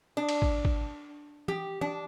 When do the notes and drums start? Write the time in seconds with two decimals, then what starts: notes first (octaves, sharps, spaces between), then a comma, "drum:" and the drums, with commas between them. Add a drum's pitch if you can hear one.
0.17 D4
0.29 drum: cymbal
0.42 drum: kick
0.65 drum: kick
1.48 G4, drum: tom E3
1.81 D4, drum: tom E3